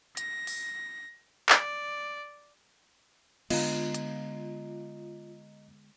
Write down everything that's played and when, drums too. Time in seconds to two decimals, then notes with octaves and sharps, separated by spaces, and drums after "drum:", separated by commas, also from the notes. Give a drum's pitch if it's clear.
0.17 A#6, drum: hi-hat
0.47 drum: open hi-hat
1.49 D5, drum: clap
3.50 D3 G#3 B3 F4 D#5 A#5, drum: cymbal
3.95 drum: hi-hat